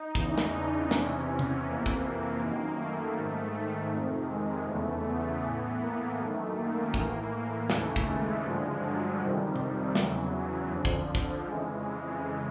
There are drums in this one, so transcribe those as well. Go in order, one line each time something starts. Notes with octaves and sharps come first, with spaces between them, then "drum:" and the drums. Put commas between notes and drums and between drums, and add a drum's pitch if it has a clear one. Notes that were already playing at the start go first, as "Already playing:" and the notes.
Already playing: D#4
E2 C#3 E3, drum: kick
drum: snare
D4
E2 C3 E3 C#4, drum: snare
drum: tom C3
F2 C3 E3 A#3
drum: kick
A#3
D#3
F#2
A3
G#2 D#3
F2 C3 D#3
G#3
E2 C#3 E3 A3
B3
A2 E3
A#3
F#2 D#3 A3
A#3
A2 E3, drum: kick
D#2 C#3 E3 A3, drum: snare
drum: kick
G#3
G2 D3 F3
F#3
F2 C3 D#3 G3
drum: tom C3
E2 C#3 E3 F#3, drum: snare
F2 D3 F3
drum: kick
drum: kick
F2 C#3 E3 G#3